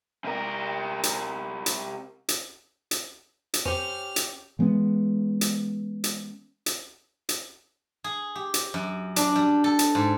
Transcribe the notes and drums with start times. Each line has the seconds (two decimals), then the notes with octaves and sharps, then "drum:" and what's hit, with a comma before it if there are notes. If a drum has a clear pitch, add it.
0.25 C3 A#4
1.03 drum: hi-hat
1.66 drum: hi-hat
2.29 drum: hi-hat
2.91 drum: hi-hat
3.54 drum: hi-hat
3.66 F2 C#4 G4 C5 F6
4.16 drum: hi-hat
4.59 E3 G#3 B3 C#4
5.41 drum: hi-hat
6.04 drum: hi-hat
6.66 drum: hi-hat
7.29 drum: hi-hat
8.04 G#4
8.35 G4
8.54 drum: hi-hat
8.74 F#2
9.16 D4, drum: hi-hat
9.36 G3
9.64 A4
9.79 drum: hi-hat
9.95 G#2